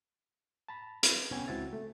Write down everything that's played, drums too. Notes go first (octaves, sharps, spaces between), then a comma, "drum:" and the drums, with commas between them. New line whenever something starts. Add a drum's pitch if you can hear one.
A5 B5
B4, drum: hi-hat
C2 B3 C#4 G5 G#5 G#6
C#2 C4 E4 F#4 E5 A6
A3